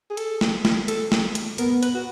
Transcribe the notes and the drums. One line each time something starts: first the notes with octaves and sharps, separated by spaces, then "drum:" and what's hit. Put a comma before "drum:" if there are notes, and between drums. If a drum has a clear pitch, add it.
G#4
A4, drum: hi-hat
drum: snare
drum: snare
A4, drum: hi-hat
drum: snare
drum: hi-hat
B3 A#4, drum: hi-hat
B4, drum: hi-hat
F#4